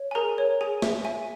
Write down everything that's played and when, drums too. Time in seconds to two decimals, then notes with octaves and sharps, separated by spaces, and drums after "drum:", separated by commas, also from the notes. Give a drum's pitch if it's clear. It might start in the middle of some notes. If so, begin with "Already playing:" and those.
Already playing: C#5
0.11 G#5
0.15 G#4 A#4 A#5
0.38 C#5
0.61 G#4 G#5
0.82 E5, drum: snare
1.05 E5 G#5